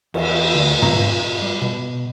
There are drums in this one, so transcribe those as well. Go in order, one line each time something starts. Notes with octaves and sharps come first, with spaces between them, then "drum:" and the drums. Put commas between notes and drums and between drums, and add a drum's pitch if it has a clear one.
E2, drum: cymbal
D2
A#5, drum: tom
G3
B2